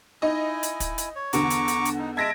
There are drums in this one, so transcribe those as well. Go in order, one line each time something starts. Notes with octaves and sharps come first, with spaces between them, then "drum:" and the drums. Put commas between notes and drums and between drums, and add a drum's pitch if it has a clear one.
D#4 E4 D#5 G#5
drum: hi-hat
drum: kick, hi-hat
drum: hi-hat
C#5
E2 D3 A#5 C#6 D6, drum: hi-hat
drum: hi-hat
drum: hi-hat
drum: hi-hat
D#4
G#3 E5 A5 G#6 A#6 D7